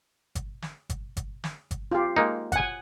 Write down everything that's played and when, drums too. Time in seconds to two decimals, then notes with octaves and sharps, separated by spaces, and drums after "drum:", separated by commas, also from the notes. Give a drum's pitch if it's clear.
0.35 drum: kick G1, hi-hat
0.62 drum: snare
0.89 drum: kick G1, hi-hat
1.17 drum: kick G1, hi-hat
1.44 drum: snare
1.71 drum: kick G1, hi-hat
1.92 F4 G4
2.16 G#3 A#3 D#4
2.52 F#5 G#5, drum: kick G1, hi-hat